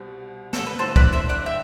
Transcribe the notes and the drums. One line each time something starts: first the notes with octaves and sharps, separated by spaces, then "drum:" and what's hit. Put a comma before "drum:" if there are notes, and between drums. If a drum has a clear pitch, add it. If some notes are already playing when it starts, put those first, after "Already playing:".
Already playing: C2 B2 G3 C4
A4, drum: snare
B4
G2 D3 A3 C4 E4 A4 C5
B4 D5, drum: kick
C5 E5
D5 F#5
E5 G5